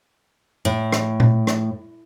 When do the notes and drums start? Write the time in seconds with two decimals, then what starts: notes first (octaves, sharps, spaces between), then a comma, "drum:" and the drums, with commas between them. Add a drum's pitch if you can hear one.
0.65 A2
0.92 drum: rim click
1.20 drum: tom A#2
1.47 drum: rim click